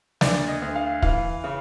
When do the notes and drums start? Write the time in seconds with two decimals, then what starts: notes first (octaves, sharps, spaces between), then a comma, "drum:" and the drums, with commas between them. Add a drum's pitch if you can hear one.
0.21 D2 D5, drum: snare
0.48 D#5
0.62 D2
0.76 F5
1.02 E3 F5, drum: kick
1.44 C#3